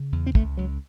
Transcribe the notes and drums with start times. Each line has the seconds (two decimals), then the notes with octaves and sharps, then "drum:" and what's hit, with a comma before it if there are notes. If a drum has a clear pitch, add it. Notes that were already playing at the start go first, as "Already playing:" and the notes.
Already playing: C#3
0.12 E2
0.26 C4
0.35 C#2 A3, drum: kick
0.57 C#2 F#3